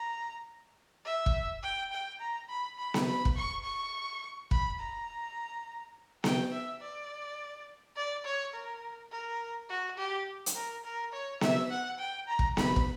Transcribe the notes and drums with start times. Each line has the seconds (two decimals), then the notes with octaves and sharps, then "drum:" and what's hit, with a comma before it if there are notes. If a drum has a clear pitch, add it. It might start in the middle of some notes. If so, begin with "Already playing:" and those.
Already playing: A#5
1.05 E5
1.26 drum: kick
1.63 G5
1.92 G5
2.20 A#5
2.49 B5
2.78 B5
2.94 drum: snare B3
3.07 B5
3.25 drum: kick
3.36 C#6
3.64 C#6
4.51 B5, drum: kick
4.79 A#5
6.24 G5, drum: snare B3
6.52 E5
6.81 D5
7.96 D5
8.25 C#5
8.54 A#4
9.11 A#4
9.69 F#4
9.98 G4
10.46 drum: hi-hat
10.55 A#4
10.84 A#4
11.13 C#5
11.41 E5, drum: snare B3
11.70 F#5
11.99 G5
12.28 A#5
12.39 drum: kick
12.57 B5, drum: snare B3
12.76 drum: kick